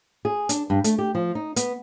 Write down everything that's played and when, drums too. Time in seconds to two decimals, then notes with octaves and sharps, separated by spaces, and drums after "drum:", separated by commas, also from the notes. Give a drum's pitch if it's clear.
0.25 G#4
0.49 D4, drum: hi-hat
0.70 G2
0.84 A3, drum: hi-hat
0.98 G4
1.15 F3
1.35 D#4
1.56 B3, drum: hi-hat